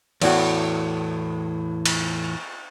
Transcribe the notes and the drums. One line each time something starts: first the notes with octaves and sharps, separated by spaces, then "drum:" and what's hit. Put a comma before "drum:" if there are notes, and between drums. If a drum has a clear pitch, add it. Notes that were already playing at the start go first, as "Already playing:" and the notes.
E2 A2 F#4, drum: cymbal
drum: cymbal